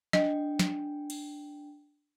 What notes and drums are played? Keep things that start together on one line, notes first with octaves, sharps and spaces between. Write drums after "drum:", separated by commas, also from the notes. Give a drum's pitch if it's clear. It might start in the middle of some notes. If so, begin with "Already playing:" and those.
D4 D#5 G5, drum: snare
drum: snare
drum: cymbal